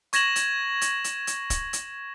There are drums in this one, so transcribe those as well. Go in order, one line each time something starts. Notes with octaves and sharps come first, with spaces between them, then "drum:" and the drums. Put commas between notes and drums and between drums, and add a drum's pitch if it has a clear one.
C#6 G#6 A#6 E7 F#7, drum: hi-hat
drum: hi-hat
drum: hi-hat
drum: hi-hat
drum: hi-hat
drum: kick, hi-hat
drum: hi-hat